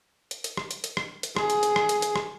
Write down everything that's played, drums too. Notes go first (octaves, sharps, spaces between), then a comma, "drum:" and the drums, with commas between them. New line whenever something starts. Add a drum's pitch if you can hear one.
drum: hi-hat
drum: hi-hat
drum: rim click
drum: hi-hat
drum: hi-hat
drum: rim click
drum: hi-hat
G#4, drum: rim click
drum: hi-hat
drum: hi-hat
drum: rim click
drum: hi-hat
drum: hi-hat
drum: rim click